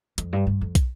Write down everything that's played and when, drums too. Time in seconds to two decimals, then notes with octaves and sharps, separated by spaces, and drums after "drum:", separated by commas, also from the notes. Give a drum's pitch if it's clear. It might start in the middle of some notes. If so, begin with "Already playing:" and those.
0.18 F2, drum: hi-hat
0.33 G2
0.47 G2
0.61 F2
0.75 drum: kick, hi-hat